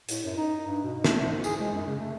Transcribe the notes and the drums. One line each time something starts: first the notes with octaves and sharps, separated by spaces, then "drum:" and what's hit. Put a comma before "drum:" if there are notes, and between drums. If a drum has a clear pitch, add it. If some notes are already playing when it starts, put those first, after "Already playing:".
A2, drum: hi-hat
F#2
D#4
G2
B2
A3, drum: snare
G#2
G#4, drum: tambourine
G#3
F#2
C#3
A3